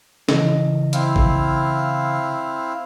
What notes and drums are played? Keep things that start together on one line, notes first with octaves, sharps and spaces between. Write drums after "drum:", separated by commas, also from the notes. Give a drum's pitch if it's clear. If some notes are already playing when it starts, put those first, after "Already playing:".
C#3 E3 D#5, drum: snare C#4
C4 E4 F5, drum: hi-hat
drum: kick A1